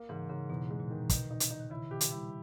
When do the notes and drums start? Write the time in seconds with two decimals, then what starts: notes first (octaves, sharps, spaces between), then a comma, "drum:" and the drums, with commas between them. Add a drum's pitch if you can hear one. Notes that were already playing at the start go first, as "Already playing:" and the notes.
Already playing: A#3
0.09 G#2 C#3 E3
0.29 G#2 C#3
0.49 E2 B2
0.70 G#3
0.80 A#2
0.90 D#3
1.09 B2 D#4, drum: kick, hi-hat
1.31 D#4
1.40 drum: hi-hat
1.51 D#4
1.60 D#3
1.70 C#3 E4
1.90 B2 D#3 G4
2.01 drum: hi-hat
2.11 D#3 G3 E4